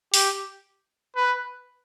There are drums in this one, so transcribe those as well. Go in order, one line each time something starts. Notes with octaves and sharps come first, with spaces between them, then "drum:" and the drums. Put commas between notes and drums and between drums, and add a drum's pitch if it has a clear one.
G4, drum: open hi-hat
B4